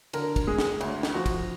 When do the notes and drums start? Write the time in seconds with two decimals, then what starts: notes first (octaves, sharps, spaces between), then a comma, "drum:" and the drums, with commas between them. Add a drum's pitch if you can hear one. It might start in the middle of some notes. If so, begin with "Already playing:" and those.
0.13 D3 A#4, drum: cymbal
0.36 drum: kick, cymbal
0.47 G#3 G#4
0.58 drum: snare
0.81 D2, drum: cymbal
1.03 drum: snare
1.14 F3 F#4
1.26 drum: kick, cymbal